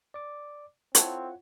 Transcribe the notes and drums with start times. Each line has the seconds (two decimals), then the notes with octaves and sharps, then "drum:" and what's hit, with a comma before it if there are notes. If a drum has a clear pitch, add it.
0.14 D5 D6
0.95 C4 E4 F4 A4 C#5 F#5, drum: hi-hat